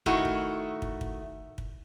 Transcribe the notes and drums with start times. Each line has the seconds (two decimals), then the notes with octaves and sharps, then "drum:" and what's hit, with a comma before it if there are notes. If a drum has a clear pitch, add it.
0.06 D#3 A3 E4 F#4, drum: kick
0.25 drum: kick
0.82 drum: kick
1.01 drum: kick
1.58 drum: kick